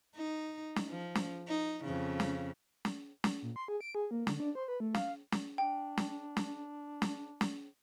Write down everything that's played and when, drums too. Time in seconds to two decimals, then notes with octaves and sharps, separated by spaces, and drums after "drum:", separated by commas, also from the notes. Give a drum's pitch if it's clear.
0.16 D#4
0.76 drum: snare
0.88 F3
1.15 drum: snare
1.48 D#4
1.84 F2 C#3
2.20 drum: snare
2.85 drum: snare
3.24 drum: snare
3.42 A#2
3.56 C6
3.68 G#4
3.81 D7
3.95 G#4
4.11 A#3
4.27 D3, drum: snare
4.40 D4
4.55 C5
4.68 B4
4.80 A3
4.94 F5, drum: snare
5.32 drum: snare
5.58 D4 G5
5.97 drum: snare
6.37 drum: snare
7.02 drum: snare
7.41 drum: snare